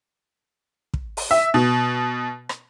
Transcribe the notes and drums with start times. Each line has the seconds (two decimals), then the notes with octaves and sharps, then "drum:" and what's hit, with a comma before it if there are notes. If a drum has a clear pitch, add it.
0.94 drum: kick
1.17 drum: open hi-hat
1.31 E5
1.54 B2
2.49 drum: rim click